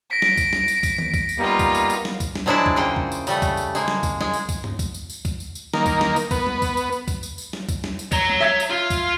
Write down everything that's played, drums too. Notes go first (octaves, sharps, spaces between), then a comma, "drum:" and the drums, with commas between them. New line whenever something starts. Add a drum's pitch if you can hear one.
A#6 B6 D7
drum: snare
drum: kick, tambourine
drum: snare
drum: tambourine
drum: kick, tambourine
drum: tom D#3
drum: kick, tambourine
drum: tambourine
G3 A#3 B3 D#4 F4
drum: kick, tambourine
drum: tambourine
drum: tambourine
drum: snare
drum: kick, tambourine
drum: snare
F3 F#3 G#3 D4 E4 A5
drum: kick
C#3 A#3 G5
drum: kick
drum: tambourine
C#3 G3 A3, drum: tambourine
drum: kick, tambourine
drum: tambourine
G#3 A#3, drum: tambourine
drum: snare
drum: kick, tambourine
G#3, drum: snare
drum: tambourine
drum: kick, tambourine
drum: tom G2
drum: kick, tambourine
drum: tambourine
drum: tambourine
drum: kick, tambourine
drum: tambourine
drum: tambourine
D#3 A#3, drum: snare
drum: kick, tambourine
drum: snare
drum: tambourine
B3, drum: kick, tambourine
drum: tom G3
drum: kick, tambourine
drum: tambourine
drum: tambourine
drum: kick, tambourine
drum: tambourine
drum: tambourine
drum: snare
drum: kick, tambourine
drum: snare
drum: tambourine
C#5 A#5, drum: kick, tambourine
drum: tom G3
E5 G#6 B6
drum: tambourine
F4 F5
drum: kick, tambourine